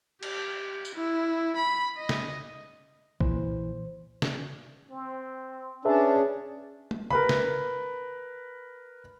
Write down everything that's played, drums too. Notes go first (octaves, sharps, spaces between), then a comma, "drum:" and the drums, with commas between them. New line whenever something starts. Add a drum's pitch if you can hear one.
G4, drum: cymbal
drum: tambourine
E4
B5
D#5
drum: snare
A#2 E3 C5, drum: kick A#1
drum: snare
C4
C#4 D4 G#4 B4 C#5 E5 A5
drum: tom
A#4 B4 B5, drum: tom C#3
drum: snare